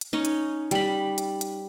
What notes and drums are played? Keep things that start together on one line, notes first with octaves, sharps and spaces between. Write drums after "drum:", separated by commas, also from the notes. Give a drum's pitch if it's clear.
drum: hi-hat
C#4 D#4
drum: hi-hat
G3 B5, drum: hi-hat
drum: hi-hat
drum: hi-hat